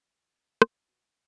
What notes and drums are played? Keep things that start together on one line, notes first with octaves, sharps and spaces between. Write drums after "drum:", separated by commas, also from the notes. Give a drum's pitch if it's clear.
drum: rim click
B2 B3